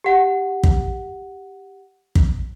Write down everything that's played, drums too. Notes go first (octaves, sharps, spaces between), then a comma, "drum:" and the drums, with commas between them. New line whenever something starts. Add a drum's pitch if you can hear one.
G4 F#5
drum: kick
drum: kick